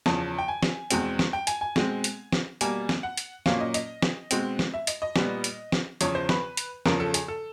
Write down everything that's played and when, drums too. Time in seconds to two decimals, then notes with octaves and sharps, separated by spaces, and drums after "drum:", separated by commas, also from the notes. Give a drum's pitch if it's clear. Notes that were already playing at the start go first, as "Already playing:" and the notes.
0.06 E2 C#3 F3 A5, drum: snare
0.38 G5
0.48 G#5
0.63 drum: snare
0.91 E2 B2 G#3 C4, drum: hi-hat
1.19 drum: snare
1.33 G5
1.47 G#5, drum: hi-hat
1.61 G#5
1.76 B2 G#3 C4, drum: snare
2.04 drum: hi-hat
2.32 drum: snare
2.61 B2 G3 A#3 G#5, drum: hi-hat
2.89 drum: snare
3.03 F#5
3.17 drum: hi-hat
3.46 A#2 F#3 A#3 C#4 F5, drum: snare
3.60 D#5
3.74 D#5, drum: hi-hat
4.02 drum: snare
4.31 B2 G#3 C4, drum: hi-hat
4.59 drum: snare
4.74 E5
4.87 D#5, drum: hi-hat
5.02 D#5
5.16 A#2 G3 B3, drum: snare
5.44 drum: hi-hat
5.72 drum: snare
6.01 E2 C#3 F3 C#5, drum: hi-hat
6.15 C5
6.29 B4, drum: snare
6.57 drum: hi-hat
6.86 E2 C#3 F3 A#4, drum: snare
7.00 A4
7.14 G#4, drum: hi-hat
7.28 A4